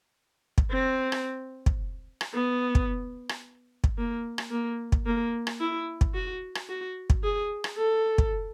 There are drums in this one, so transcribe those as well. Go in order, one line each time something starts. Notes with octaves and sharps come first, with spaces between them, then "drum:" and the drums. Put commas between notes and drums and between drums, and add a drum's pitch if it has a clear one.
drum: kick
C4
drum: rim click
drum: kick
drum: rim click
B3
drum: kick
drum: rim click
drum: kick
A#3
drum: rim click
A#3
drum: kick
A#3
drum: rim click
E4
drum: kick
F#4
drum: rim click
F#4
drum: kick
G#4
drum: rim click
A4
drum: kick